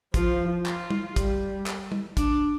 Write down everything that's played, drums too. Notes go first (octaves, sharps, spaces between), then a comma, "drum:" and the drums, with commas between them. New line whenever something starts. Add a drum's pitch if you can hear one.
F3 F4, drum: kick, hi-hat
F4, drum: clap
drum: tom
G3, drum: kick, hi-hat
drum: clap
drum: tom
D4, drum: kick, hi-hat